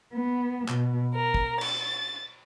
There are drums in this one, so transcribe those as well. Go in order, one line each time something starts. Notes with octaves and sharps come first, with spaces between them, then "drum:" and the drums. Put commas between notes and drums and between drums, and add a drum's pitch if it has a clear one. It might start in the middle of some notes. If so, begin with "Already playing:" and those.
B3
B2, drum: clap
A#4
drum: kick
A6, drum: cymbal